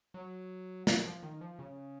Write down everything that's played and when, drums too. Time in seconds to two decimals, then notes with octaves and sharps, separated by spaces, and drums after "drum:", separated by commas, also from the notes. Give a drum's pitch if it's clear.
0.14 F#3
0.87 F#3, drum: snare
1.04 F3
1.23 D#3
1.41 F3
1.59 C#3